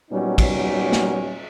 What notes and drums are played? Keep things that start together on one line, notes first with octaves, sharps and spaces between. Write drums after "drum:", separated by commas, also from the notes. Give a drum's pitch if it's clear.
A#2 F#3 G3 B3 C#4 D#4
drum: kick, cymbal
drum: snare